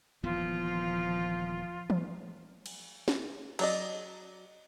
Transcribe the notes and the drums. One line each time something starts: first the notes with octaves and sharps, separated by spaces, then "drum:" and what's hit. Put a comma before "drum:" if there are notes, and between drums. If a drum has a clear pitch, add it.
D#1 E3 F3 B3 F4
drum: tom E3
drum: cymbal
drum: snare
F#3 D5 D#5, drum: cymbal